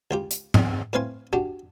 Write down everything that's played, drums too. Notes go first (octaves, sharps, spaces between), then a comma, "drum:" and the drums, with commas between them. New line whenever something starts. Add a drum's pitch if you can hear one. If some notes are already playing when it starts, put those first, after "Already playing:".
C#2 F4 G4
drum: hi-hat
drum: tom G#2
A2 C4 B4 F5 G#5 C6
D4 F#4 G4